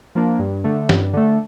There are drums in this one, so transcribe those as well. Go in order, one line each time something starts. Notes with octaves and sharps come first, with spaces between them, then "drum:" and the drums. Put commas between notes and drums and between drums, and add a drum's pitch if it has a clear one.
F3 A#3 D4
G2
D3 A3
G2, drum: snare
D3 A3